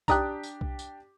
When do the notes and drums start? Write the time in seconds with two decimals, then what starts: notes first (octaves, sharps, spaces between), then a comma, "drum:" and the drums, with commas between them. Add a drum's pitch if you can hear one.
0.08 D4 G4 G5 A#5 D#6 F#6, drum: kick B1, tambourine
0.43 drum: tambourine
0.61 drum: kick B1
0.79 drum: tambourine